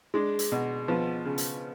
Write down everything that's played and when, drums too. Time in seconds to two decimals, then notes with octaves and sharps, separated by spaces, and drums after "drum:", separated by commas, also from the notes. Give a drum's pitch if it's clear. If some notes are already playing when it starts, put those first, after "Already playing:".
0.14 G#3 D4
0.39 drum: hi-hat
0.52 B2
0.88 F3 B3
1.25 C#3
1.38 drum: hi-hat